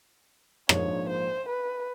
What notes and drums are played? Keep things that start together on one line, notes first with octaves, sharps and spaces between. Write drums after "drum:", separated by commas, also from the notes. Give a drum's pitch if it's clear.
A#1 G#2 F3 A#3 D4 C#5, drum: rim click
C5
B4